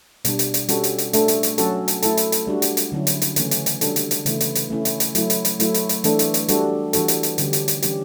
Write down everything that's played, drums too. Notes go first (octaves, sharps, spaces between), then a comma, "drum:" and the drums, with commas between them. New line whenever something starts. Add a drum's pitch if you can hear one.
B2 G3 D4, drum: hi-hat
drum: hi-hat
drum: hi-hat
G3 C#4 F#4 A4, drum: hi-hat
drum: hi-hat
drum: hi-hat
A3 D4 A4, drum: hi-hat
drum: hi-hat
drum: hi-hat
F#3 C#4 F#4 A4, drum: hi-hat
drum: hi-hat
A3 E4 A4, drum: hi-hat
drum: hi-hat
drum: hi-hat
G3 D4 F#4
drum: hi-hat
drum: hi-hat
D3 F#3 C#4 E4
drum: hi-hat
drum: hi-hat
C#3 E3 A3 C#4, drum: hi-hat
drum: hi-hat
drum: hi-hat
G3 D4 F#4 A4, drum: hi-hat
drum: hi-hat
drum: hi-hat
C#3 E3 A3 E4, drum: hi-hat
drum: hi-hat
drum: hi-hat
A3 C#4 E4
drum: hi-hat
drum: hi-hat
F#3 A3 E4, drum: hi-hat
drum: hi-hat
drum: hi-hat
F#3 A3 E4, drum: hi-hat
drum: hi-hat
drum: hi-hat
E3 A3 D4 A4, drum: hi-hat
drum: hi-hat
drum: hi-hat
G3 D4 F#4 A4, drum: hi-hat
E3 G3 D4 F#4 A4, drum: hi-hat
drum: hi-hat
drum: hi-hat
D3 G3 C#4 G4, drum: hi-hat
drum: hi-hat
drum: hi-hat
E3 G3 C#4 G4, drum: hi-hat